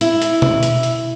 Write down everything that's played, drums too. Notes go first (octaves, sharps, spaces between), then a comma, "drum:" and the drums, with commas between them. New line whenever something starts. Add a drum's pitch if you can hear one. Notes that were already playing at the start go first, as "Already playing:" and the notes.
E4, drum: hi-hat
drum: hi-hat
drum: tom B2
drum: hi-hat
drum: hi-hat